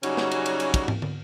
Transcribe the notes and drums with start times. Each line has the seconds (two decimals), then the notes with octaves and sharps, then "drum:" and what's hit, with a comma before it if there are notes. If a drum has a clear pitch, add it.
0.03 C#3 F#3 G3 C#4 D#4 F#4, drum: cymbal
0.17 drum: snare
0.31 drum: cymbal
0.46 drum: cymbal
0.60 drum: cymbal
0.74 drum: kick, cymbal
0.88 drum: tom
1.02 drum: tom